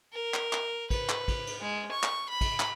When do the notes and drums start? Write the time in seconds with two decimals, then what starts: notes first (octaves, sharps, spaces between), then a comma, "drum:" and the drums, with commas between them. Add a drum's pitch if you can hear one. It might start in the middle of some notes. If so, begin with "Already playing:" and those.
0.13 A#4
0.34 drum: clap
0.53 drum: clap
0.90 B4, drum: kick, cymbal
1.09 drum: clap
1.28 drum: kick, cymbal
1.47 drum: cymbal
1.61 G#3
1.92 C#6
2.03 drum: clap
2.29 B5
2.41 drum: kick, cymbal
2.60 drum: clap